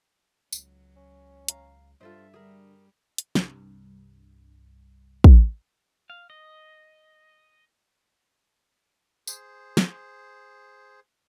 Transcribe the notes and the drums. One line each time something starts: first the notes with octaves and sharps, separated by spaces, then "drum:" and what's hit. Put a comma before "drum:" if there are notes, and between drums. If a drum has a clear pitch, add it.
C#2 F#3, drum: tambourine
C#4
F5 A#5, drum: hi-hat
G2 F4 A4 C5 E5
D3 G3 G#4 A#4
drum: hi-hat
C2 G2, drum: snare
drum: kick
F5
D#5
G#4 C5, drum: tambourine
drum: snare